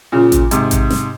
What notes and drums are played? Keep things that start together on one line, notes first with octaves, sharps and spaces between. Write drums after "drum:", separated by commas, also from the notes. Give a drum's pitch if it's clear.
A#2 C#3
drum: kick A1, hi-hat
G#2 C3, drum: hi-hat
drum: kick A1, hi-hat
drum: snare